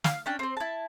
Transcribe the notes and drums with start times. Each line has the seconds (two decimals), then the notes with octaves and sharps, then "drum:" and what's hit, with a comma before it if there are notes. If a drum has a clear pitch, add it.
0.04 F5, drum: snare
0.26 C#4 D4 G5
0.39 C4 C5
0.57 E4 A5